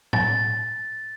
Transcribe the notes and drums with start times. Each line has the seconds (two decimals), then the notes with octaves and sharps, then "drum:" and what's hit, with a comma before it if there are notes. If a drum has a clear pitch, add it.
0.13 A6, drum: tom A2